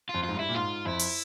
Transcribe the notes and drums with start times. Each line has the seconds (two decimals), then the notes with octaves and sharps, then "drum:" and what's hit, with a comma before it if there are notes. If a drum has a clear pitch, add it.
0.09 F2 F4
0.24 G#2 F4
0.34 G2
0.39 E4
0.49 A#2
0.55 G#2 F4
0.85 F2 E4
0.99 drum: open hi-hat